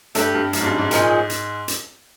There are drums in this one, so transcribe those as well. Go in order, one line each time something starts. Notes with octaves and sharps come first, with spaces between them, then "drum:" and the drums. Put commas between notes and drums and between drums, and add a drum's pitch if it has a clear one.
G2 A3 D4 G4 B4, drum: hi-hat
G2
F#2, drum: hi-hat
G#2
G2
G#2
A#2 F3 G#3 C#4, drum: hi-hat
drum: hi-hat
drum: hi-hat